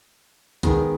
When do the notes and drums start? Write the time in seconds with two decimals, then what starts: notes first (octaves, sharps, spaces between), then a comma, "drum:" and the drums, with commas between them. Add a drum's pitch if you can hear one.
0.63 D#3 G#3 B3, drum: kick C2, hi-hat